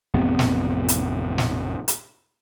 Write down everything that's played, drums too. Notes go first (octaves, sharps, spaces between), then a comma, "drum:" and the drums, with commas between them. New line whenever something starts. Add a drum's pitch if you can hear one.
A1 F2 C3 B3
drum: snare
drum: hi-hat
drum: snare
drum: hi-hat